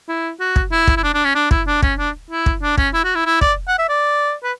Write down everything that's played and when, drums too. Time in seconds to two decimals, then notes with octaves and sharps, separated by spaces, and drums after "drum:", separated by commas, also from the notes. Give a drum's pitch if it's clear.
0.08 E4
0.40 F#4
0.56 drum: kick
0.72 E4
0.88 drum: kick
0.97 E4
1.04 D4
1.14 D4
1.25 C#4
1.35 D4
1.51 E4, drum: kick
1.67 D4
1.83 C#4, drum: kick
1.99 D4
2.30 E4
2.46 drum: kick
2.62 D4
2.78 C#4, drum: kick
2.94 E4
3.04 F#4
3.15 E4
3.26 E4
3.41 D5, drum: kick
3.68 F#5
3.79 E5
3.89 D5
4.43 B4